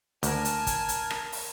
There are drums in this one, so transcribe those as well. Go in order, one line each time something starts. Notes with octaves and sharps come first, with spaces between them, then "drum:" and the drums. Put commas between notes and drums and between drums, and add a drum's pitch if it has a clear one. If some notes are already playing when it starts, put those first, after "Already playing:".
D2 A#4 G#5 A5, drum: hi-hat
drum: hi-hat
drum: kick, hi-hat
drum: hi-hat
drum: rim click
drum: open hi-hat